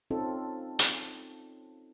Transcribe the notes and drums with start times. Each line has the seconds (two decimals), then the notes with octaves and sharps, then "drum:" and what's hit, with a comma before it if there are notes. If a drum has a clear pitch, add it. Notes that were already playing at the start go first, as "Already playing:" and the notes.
0.11 C4 C#4 D#4 F4 A4
0.79 drum: hi-hat